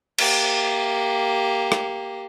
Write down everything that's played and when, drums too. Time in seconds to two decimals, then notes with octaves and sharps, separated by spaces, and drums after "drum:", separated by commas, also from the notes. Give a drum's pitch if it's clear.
0.18 A#3 G4, drum: cymbal
1.72 drum: rim click